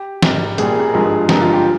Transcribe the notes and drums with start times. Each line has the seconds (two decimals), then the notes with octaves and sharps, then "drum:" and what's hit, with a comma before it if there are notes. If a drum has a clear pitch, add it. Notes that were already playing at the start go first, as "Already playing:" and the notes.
Already playing: G4
0.22 G#1 G#2 G3, drum: snare
0.58 A#1 A#2 G3 G#4, drum: hi-hat
0.68 A#4
0.79 G#4
0.89 G#1 G2 F3 G#3 A#4
1.00 G#4
1.29 G1 G2 F3 G#3 A#4, drum: snare
1.41 F4
1.53 G4